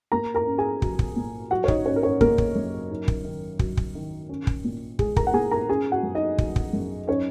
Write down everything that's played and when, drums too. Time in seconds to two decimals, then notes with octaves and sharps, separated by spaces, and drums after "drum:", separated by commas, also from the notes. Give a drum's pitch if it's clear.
0.12 A#3 A#4 A#5
0.34 A#4 A#5
0.46 C#4
0.58 G#4 G#5
0.82 F#3, drum: kick
0.99 drum: kick
1.16 A#2
1.51 F#3 F#4 F#5
1.64 C#5
1.68 D#4 D#5, drum: kick
1.86 C#4 D#4 C#5
1.96 A#4
2.03 C#4 C#5
2.21 C#3 A#3 A#4, drum: kick
2.38 drum: kick
2.55 F#2
2.90 D#4
3.08 drum: kick
3.25 D#3
3.59 F#3, drum: kick
3.77 drum: kick
3.95 D#3
4.29 C#4
4.47 drum: kick
4.64 A#2
4.99 G#3 G#4, drum: kick
5.16 A#4 A#5, drum: kick
5.27 F#5
5.33 A#2 G#4 G#5
5.51 A#4 A#5
5.68 C#4 G#4 G#5
5.92 F#4 F#5
6.03 F#2
6.15 D#4 D#5
6.38 F#3, drum: kick
6.56 drum: kick
6.73 F#2
7.07 C#4 D#4 C#5